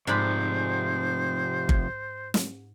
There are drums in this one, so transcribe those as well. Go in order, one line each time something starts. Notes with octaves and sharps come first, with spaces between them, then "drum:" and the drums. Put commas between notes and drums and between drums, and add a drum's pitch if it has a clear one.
G#2 C3 F3 C5 D5 B5
drum: kick G1
drum: snare